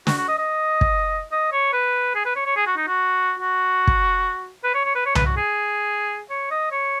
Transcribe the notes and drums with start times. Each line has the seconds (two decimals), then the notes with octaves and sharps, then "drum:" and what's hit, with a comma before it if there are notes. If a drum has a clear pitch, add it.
0.07 F#4, drum: snare
0.17 F#4
0.28 D#5
0.38 D#5
0.81 drum: kick
1.32 D#5
1.52 C#5
1.73 B4
2.15 G#4
2.25 B4
2.36 C#5
2.46 C#5
2.56 G#4
2.66 F#4
2.77 D#4
2.87 F#4
3.39 F#4
3.87 drum: kick
4.64 B4
4.74 C#5
4.85 C#5
4.95 B4
5.05 C#5
5.15 B4, drum: tom C2
5.26 F#4
5.37 G#4
6.30 C#5
6.51 D#5
6.71 C#5